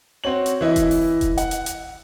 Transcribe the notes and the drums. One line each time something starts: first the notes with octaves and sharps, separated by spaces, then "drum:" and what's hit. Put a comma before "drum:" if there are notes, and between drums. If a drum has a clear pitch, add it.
C4 F#4 C#5 F#7
drum: hi-hat
E3 E4 D#5
drum: kick E1, hi-hat
drum: open hi-hat
drum: kick E1, hi-hat
F#5, drum: hi-hat
drum: hi-hat
drum: hi-hat